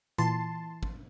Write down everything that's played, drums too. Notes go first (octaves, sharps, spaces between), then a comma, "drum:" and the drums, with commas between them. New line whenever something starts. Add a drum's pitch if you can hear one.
A#2 E3 A5 C6, drum: hi-hat
drum: kick